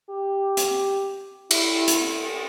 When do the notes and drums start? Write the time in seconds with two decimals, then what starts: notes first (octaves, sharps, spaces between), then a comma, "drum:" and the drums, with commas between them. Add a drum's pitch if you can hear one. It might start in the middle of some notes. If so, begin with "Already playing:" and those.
0.09 G4
0.57 drum: hi-hat
1.51 E4, drum: cymbal
1.88 drum: hi-hat